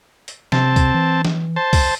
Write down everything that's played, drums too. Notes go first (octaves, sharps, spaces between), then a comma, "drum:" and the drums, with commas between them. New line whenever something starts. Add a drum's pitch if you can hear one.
drum: hi-hat
C3 C4 A5, drum: snare
drum: kick, hi-hat
E3
drum: snare
C5 A5
drum: kick, open hi-hat